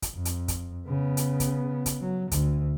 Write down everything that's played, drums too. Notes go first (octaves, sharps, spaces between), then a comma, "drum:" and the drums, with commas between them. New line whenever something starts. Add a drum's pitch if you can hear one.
drum: kick, hi-hat
F2
drum: hi-hat
drum: kick, hi-hat
C#3 B3
drum: hi-hat
drum: kick, hi-hat
drum: kick, hi-hat
F#3
D2 D3, drum: kick, hi-hat